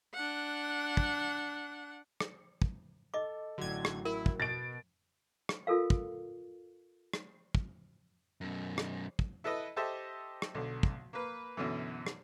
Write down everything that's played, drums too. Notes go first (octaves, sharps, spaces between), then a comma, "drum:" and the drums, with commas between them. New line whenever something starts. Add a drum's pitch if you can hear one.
D4 F#5
drum: kick
drum: rim click
drum: kick
A4 D#5 D6
A1 D3 F#3 G#6
drum: rim click
E4 A#4
drum: kick
B2 A6 D7
drum: rim click
F4 A4 A#4 F5
drum: kick
drum: rim click
drum: kick
F#2 B2
drum: rim click
drum: kick
E4 A4 B4 D#5
G4 A4 C5 D#5 E5 A5
drum: rim click
B1 D3
drum: kick
A#3 B4
F#2 B2 D3 E3
drum: rim click